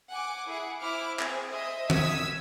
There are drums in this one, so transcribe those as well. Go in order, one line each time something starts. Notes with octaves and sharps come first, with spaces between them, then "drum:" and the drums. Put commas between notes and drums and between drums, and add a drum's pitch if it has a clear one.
F#5 G#5 D6
E4 G#4 F#5
E4 C5 D6 F6
C4 G#4, drum: clap
C5 D#5 E5
D#6 E6 G#6 B6, drum: tom